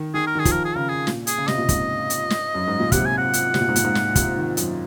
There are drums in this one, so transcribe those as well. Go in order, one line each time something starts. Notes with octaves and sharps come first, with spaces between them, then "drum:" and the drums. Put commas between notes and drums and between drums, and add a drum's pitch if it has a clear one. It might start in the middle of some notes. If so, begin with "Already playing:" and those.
Already playing: D#3
D#3 G#4
A#4
D#3 G#4
F3, drum: kick, hi-hat
A#4
G#4
C#3 A#4
G#4
A#2, drum: snare
G#4, drum: hi-hat
C#3
C3 D#5, drum: snare
A#2
G#2, drum: kick, hi-hat
drum: hi-hat
drum: snare
F#2
G#2
A#2
C3 F#5, drum: kick, hi-hat
G#5
F#5
drum: hi-hat
C3, drum: snare
A#2
G#2
A#2, drum: hi-hat
G#2
drum: snare
C3, drum: kick, hi-hat
D#3
F#2, drum: hi-hat